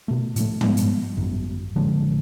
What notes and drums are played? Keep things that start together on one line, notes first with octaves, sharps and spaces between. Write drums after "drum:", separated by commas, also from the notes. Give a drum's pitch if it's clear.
B2 A3
A2 F3 G#3 A3, drum: hi-hat
F3 G3 G#3 B3, drum: tom
drum: hi-hat
G#1 F#2
A1 D3 F3 G#3